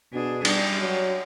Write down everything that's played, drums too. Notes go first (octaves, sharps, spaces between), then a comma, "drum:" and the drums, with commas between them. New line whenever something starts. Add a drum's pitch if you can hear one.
B2 D4 G#4
G3 D4, drum: cymbal
F#3